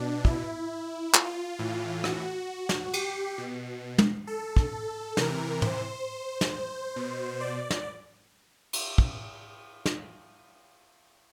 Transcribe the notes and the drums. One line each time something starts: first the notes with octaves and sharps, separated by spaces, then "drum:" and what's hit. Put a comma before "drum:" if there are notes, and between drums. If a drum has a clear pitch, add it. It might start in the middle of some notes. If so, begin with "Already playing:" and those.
Already playing: B2 D4
E4, drum: kick
F4, drum: clap
A2 E3
F#4, drum: rim click
drum: snare
G4, drum: cymbal
B2
drum: tom
A4
drum: kick
C3 E3 A#4, drum: snare
C5, drum: tom
drum: snare
B2
D5
drum: snare
drum: cymbal
drum: kick
drum: snare